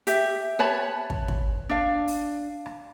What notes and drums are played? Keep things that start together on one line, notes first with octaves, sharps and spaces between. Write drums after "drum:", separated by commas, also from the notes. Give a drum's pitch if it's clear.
G4 E5, drum: hi-hat
B4 C#5 A5 B5
drum: kick
drum: kick
D4 F5
drum: open hi-hat
drum: rim click